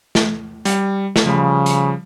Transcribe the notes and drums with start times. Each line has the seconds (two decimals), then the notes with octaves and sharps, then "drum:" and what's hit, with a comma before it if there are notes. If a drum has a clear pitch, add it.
0.15 drum: snare
0.65 G3, drum: hi-hat
1.16 drum: snare
1.26 C#3 F3 G3 B5
1.66 drum: hi-hat